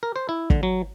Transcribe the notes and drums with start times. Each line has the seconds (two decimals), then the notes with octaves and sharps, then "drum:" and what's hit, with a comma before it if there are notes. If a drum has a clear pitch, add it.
0.03 A#4
0.16 C5
0.29 E4
0.50 D3, drum: kick
0.63 F#3